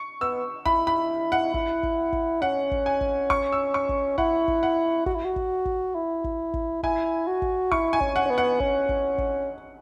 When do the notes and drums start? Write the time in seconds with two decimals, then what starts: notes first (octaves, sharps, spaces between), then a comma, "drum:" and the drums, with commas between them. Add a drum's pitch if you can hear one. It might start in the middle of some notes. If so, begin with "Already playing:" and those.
Already playing: C#6
0.21 B3 E6
0.66 E4 B5, drum: kick
0.87 B5
1.32 F#5
1.54 E4, drum: kick
1.83 drum: kick
2.13 drum: kick
2.42 C#4 F#5
2.71 drum: kick
2.86 G#5
3.01 drum: kick
3.30 C#6, drum: kick
3.52 E6
3.74 C#6
3.89 drum: kick
4.18 E4 F#5, drum: kick
4.48 drum: kick
4.63 F#5
5.06 F#4, drum: kick
5.15 E4
5.25 F#4
5.36 drum: kick
5.65 drum: kick
5.95 E4
6.24 drum: kick
6.54 drum: kick
6.83 E4 G#5, drum: kick
7.27 F#4
7.42 drum: kick
7.72 E4 C#6, drum: kick
7.93 G#5
8.01 C#4, drum: kick
8.16 F#5
8.26 C#4
8.30 B3
8.38 F#5
8.60 C#4, drum: kick
8.89 drum: kick
9.18 drum: kick